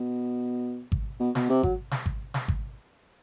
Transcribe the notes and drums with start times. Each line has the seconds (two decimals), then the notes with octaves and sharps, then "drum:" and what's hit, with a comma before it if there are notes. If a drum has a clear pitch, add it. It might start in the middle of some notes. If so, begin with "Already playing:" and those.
Already playing: B2
0.92 drum: kick G#1
1.20 B2
1.35 B2, drum: snare
1.49 C3
1.63 F#3, drum: kick G#1
1.91 drum: snare
2.06 drum: kick G#1
2.34 drum: snare
2.48 drum: kick G#1